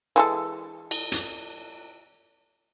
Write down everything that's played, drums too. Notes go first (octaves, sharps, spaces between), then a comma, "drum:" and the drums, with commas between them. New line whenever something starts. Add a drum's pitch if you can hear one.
E3 G#3 A4
drum: cymbal
drum: hi-hat